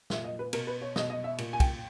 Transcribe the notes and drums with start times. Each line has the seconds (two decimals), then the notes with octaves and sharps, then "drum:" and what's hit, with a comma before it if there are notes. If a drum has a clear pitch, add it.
0.10 A#2 E5, drum: snare
0.24 D#5
0.39 B4
0.53 B2 A#4, drum: cymbal
0.67 B4
0.81 C#5
0.96 B2 D#5, drum: snare
1.10 D#5
1.24 E5
1.38 A#2, drum: cymbal
1.53 G#5
1.60 G5, drum: kick, cymbal